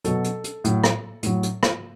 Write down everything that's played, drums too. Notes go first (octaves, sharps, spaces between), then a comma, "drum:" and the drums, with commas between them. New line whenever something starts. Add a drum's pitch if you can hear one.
B2 F#3 A4, drum: hi-hat
drum: hi-hat
drum: hi-hat
A2 F#3, drum: hi-hat
drum: rim click
A2 F#3, drum: hi-hat
drum: hi-hat
drum: rim click